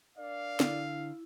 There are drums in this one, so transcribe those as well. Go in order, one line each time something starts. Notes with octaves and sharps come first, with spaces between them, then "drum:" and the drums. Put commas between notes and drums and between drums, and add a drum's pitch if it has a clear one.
D4 A#4 D5 F5
D3 E4, drum: snare